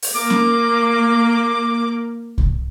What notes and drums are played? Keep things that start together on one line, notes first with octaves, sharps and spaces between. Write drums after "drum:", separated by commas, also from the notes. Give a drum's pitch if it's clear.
drum: open hi-hat
A#3 D6
drum: snare C#4
drum: kick C2